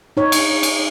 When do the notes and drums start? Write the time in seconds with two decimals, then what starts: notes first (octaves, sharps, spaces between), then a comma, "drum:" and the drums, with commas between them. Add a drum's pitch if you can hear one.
0.17 D#4 C#5
0.32 drum: cymbal
0.63 drum: cymbal